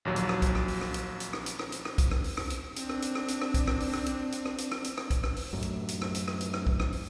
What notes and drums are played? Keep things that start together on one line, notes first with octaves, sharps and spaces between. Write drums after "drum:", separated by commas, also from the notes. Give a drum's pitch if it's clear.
A#1 D#2 F#3
drum: hi-hat
drum: rim click
drum: kick, hi-hat
drum: rim click
drum: open hi-hat
drum: rim click
drum: hi-hat
drum: hi-hat
drum: rim click
drum: hi-hat
drum: rim click
drum: hi-hat
drum: rim click
drum: kick, hi-hat
drum: rim click
drum: open hi-hat
drum: rim click
drum: hi-hat
C4 D4, drum: hi-hat
drum: rim click
drum: hi-hat
drum: rim click
drum: hi-hat
drum: rim click
drum: kick, hi-hat
drum: rim click
drum: open hi-hat
drum: rim click
drum: hi-hat
drum: hi-hat
drum: rim click
drum: hi-hat
drum: rim click
drum: hi-hat
drum: rim click
drum: kick, hi-hat
drum: rim click
drum: open hi-hat
F#2 A2
drum: hi-hat
drum: hi-hat
drum: rim click
drum: hi-hat
drum: rim click
drum: hi-hat
drum: rim click
drum: kick
drum: rim click
drum: open hi-hat